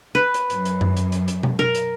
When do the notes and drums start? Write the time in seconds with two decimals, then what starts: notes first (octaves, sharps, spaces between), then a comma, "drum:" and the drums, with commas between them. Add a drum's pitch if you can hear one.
0.15 B4
0.34 drum: hi-hat
0.50 F#2, drum: hi-hat
0.65 drum: hi-hat
0.81 drum: tom F#2
0.97 drum: hi-hat
1.12 drum: hi-hat
1.28 drum: hi-hat
1.43 drum: tom B2
1.59 A#4
1.75 drum: hi-hat